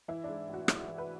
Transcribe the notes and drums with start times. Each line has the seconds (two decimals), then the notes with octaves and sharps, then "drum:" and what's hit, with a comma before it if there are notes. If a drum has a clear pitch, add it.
0.08 E3 E4
0.24 G#2 D4
0.49 A1
0.54 F#4
0.68 G#2 E4, drum: rim click
0.88 E3
0.98 B4